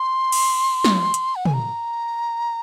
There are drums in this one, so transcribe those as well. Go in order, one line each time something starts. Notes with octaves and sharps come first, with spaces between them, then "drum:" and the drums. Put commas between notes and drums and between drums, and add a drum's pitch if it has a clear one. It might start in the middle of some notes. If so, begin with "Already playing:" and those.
Already playing: C6
drum: cymbal
drum: snare
drum: hi-hat
F#5
G#5, drum: tom
A#5